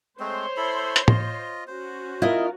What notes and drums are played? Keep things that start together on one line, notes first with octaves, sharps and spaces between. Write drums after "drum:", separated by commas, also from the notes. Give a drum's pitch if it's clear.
G#3 A3 C4 C5 C#5 C6
E4 A4 B5
drum: hi-hat
F4 D#5, drum: tom
C#4 F#4 C5
E4 F4 A#4 D#5